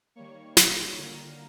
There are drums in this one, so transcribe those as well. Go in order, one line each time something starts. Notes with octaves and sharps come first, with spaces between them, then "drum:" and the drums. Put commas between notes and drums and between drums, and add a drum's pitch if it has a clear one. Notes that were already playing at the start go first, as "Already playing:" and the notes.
D#3 G3 A#3 C#5 C#6
C#5 C#6, drum: snare
D3 G3 A#3 A#4 A#5